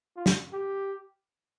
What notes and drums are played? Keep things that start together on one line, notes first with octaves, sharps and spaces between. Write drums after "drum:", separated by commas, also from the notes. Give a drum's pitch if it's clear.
F4
drum: snare
G4